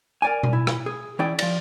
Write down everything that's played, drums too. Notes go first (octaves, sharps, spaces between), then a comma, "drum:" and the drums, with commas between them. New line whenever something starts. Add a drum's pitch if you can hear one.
A#4 D5 G#5
drum: tom B2
E4
drum: rim click
G#4
E3 C#4 E4 G#4 D5 G5
F3 D5, drum: cymbal